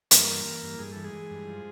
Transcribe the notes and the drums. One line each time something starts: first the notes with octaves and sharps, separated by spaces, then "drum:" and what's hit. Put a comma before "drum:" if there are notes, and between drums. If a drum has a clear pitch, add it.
G2 A#3 A#4, drum: hi-hat
E3
E3
G2
G2 G#4
E3 A4
G#3 G#4
E3
G2
F3